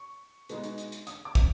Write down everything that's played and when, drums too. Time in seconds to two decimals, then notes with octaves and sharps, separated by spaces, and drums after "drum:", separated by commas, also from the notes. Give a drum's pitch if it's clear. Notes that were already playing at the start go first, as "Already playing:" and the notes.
Already playing: C#6
0.49 B2 G#3 B3 D#4, drum: hi-hat
0.64 drum: hi-hat
0.78 drum: hi-hat
0.92 drum: hi-hat
1.07 D#6, drum: hi-hat
1.25 D6
1.35 drum: kick, hi-hat